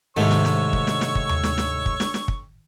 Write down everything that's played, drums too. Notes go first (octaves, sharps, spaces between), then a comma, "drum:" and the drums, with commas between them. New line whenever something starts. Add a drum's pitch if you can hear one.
G#2 C3 D#3 A3 C#5 C#6 E6
drum: snare
drum: snare
drum: kick
drum: snare
drum: snare
drum: kick
drum: tom D#2
drum: snare
drum: snare
drum: kick
drum: snare
drum: snare
drum: kick